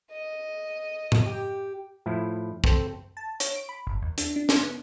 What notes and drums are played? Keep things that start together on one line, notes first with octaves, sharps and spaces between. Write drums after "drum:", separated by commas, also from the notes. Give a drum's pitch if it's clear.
D#5
drum: tom A2
G4
A2 F3 E4
C4 A4 C5, drum: kick
A5
C#5, drum: hi-hat
D7
B5
G1
D#2
D4, drum: hi-hat
D4
G#6, drum: snare
B3